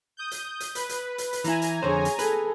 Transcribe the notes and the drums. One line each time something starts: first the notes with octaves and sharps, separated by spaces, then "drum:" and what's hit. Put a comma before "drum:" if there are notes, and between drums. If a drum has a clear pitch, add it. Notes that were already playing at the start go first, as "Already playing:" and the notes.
D#6 G6
drum: hi-hat
drum: hi-hat
B4, drum: hi-hat
drum: hi-hat
drum: hi-hat
drum: hi-hat
E3 E4 G#5 A#5, drum: hi-hat
drum: hi-hat
F2 D3 G#4 C5 C#5
drum: hi-hat
G#4 A4 B4, drum: hi-hat